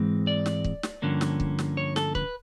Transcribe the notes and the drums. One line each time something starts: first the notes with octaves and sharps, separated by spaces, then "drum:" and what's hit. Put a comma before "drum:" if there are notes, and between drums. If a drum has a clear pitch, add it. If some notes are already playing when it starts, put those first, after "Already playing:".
Already playing: G#2 E3 G#3 C4
D5
drum: snare
drum: kick C#1
drum: snare
G2 D3 F3 A#3 C#4
drum: snare
drum: kick C#1
drum: snare
C#5
A4, drum: snare
B4, drum: kick C#1